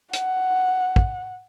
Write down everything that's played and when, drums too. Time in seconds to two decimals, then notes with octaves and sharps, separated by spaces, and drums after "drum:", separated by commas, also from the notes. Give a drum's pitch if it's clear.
0.13 F#5, drum: hi-hat
0.96 drum: kick